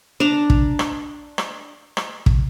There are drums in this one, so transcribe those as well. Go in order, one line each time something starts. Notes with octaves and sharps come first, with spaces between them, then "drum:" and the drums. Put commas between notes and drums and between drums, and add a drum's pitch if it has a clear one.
D4 A#5
drum: kick
drum: rim click
drum: rim click
drum: rim click
drum: kick